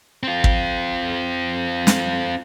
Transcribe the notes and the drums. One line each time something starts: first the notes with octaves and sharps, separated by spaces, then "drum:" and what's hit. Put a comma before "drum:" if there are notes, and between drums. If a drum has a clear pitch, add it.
C4 F4
drum: kick
drum: snare